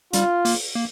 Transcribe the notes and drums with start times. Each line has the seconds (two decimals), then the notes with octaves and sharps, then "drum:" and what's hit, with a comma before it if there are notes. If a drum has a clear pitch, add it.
0.13 G3 F4, drum: hi-hat
0.45 A#3, drum: open hi-hat
0.75 A#3